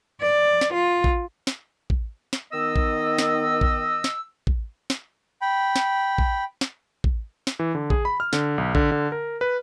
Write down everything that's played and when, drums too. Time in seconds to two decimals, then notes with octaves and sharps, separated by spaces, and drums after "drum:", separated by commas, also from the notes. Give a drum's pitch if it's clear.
0.21 D5
0.61 drum: snare
0.73 F4
1.04 drum: kick
1.47 drum: snare
1.90 drum: kick
2.33 drum: snare
2.52 D#3 B3 D#5 E6
2.76 drum: kick
3.18 drum: snare
3.61 drum: kick
4.04 drum: snare
4.47 drum: kick
4.90 drum: snare
5.41 G5 B5
5.76 drum: snare
6.18 drum: kick
6.61 drum: snare
7.04 drum: kick
7.47 drum: snare
7.59 E3
7.75 D3
7.90 G#4, drum: kick
8.05 B5
8.20 F6
8.33 D3, drum: snare
8.58 B1
8.75 D3, drum: kick
8.92 D3
9.12 A#4
9.41 B4